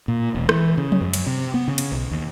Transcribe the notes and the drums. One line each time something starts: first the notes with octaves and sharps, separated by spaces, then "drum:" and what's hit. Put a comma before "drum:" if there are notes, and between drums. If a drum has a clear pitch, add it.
A#2
E1
E3, drum: rim click
C#3
drum: tom F3
F#2
drum: cymbal
C3
B3
C#3
drum: cymbal
B1
D#2